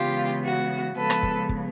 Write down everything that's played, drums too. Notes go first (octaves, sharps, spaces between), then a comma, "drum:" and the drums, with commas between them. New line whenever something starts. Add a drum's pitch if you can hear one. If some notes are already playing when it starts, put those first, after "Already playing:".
Already playing: C#3 E3 G#3 B3 F4 G4
F#4
C#3 F3 G#3 B3 A4 B4
drum: rim click
drum: kick
drum: kick